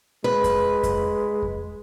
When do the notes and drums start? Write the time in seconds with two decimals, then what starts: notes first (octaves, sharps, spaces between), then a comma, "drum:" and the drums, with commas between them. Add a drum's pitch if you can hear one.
0.24 G#3 B4
0.44 drum: kick F2, hi-hat
0.83 drum: kick F2, hi-hat
1.42 drum: kick F2